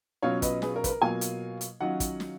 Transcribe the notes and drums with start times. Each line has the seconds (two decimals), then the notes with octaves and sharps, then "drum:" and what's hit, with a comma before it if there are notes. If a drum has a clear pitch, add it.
0.22 B2 F#3 C#4 F4 C#5 F5
0.42 B4 D#5, drum: kick, hi-hat
0.62 G#4 B4, drum: snare
0.76 A#4
0.84 B4, drum: kick, hi-hat
0.89 A#4
1.01 B2 F#3 A#3 F4 F5 G#5
1.21 drum: hi-hat
1.61 drum: hi-hat
1.80 D#3 F#3 C#4 F4 D#5 F#5
2.00 drum: kick, hi-hat
2.20 drum: snare